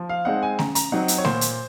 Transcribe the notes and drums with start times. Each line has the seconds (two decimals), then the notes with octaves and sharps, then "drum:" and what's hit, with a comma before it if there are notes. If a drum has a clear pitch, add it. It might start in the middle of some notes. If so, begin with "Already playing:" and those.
Already playing: F3
0.09 F5
0.25 G#3 C4 D#4 F#5
0.43 G#5
0.59 C#3 A#5, drum: snare A3
0.75 A#5, drum: hi-hat
0.92 F#3 C4 D#4 F#5
1.08 drum: hi-hat
1.18 C#5
1.25 A#2 C5, drum: snare A3
1.41 drum: hi-hat